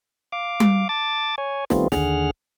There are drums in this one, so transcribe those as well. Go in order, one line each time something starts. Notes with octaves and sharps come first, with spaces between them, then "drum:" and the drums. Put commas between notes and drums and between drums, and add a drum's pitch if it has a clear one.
F5 D6
drum: tom G3
A5 D6 A6
C#5 G#5
D#3 G3 A3 B3 C4 F4, drum: snare
D#2 D3 G#4 F#5 F6, drum: snare